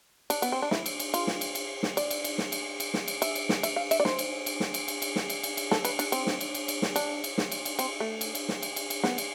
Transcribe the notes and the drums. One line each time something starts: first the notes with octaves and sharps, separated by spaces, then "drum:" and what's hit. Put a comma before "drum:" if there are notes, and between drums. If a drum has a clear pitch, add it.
D4, drum: cymbal
B3, drum: cymbal
C4
D4
E4, drum: snare
drum: cymbal
drum: cymbal
F4, drum: cymbal
drum: snare
drum: cymbal
drum: cymbal
drum: snare
D5, drum: cymbal
drum: cymbal
drum: cymbal
drum: snare
drum: cymbal
drum: cymbal
drum: snare
drum: cymbal
E5, drum: cymbal
drum: cymbal
drum: snare
E5, drum: cymbal
F5
E5, drum: cymbal
D5
C5, drum: snare
drum: cymbal
drum: cymbal
drum: snare
drum: cymbal
drum: cymbal
drum: cymbal
drum: snare
drum: cymbal
drum: cymbal
drum: cymbal
A4, drum: snare
B4, drum: cymbal
D4, drum: cymbal
C4, drum: cymbal
drum: snare
drum: cymbal
drum: cymbal
drum: cymbal
drum: snare
D4, drum: cymbal
drum: cymbal
drum: snare
drum: cymbal
drum: cymbal
C4, drum: cymbal
A3
drum: cymbal
drum: cymbal
drum: snare
drum: cymbal
drum: cymbal
drum: cymbal
B3, drum: snare
drum: cymbal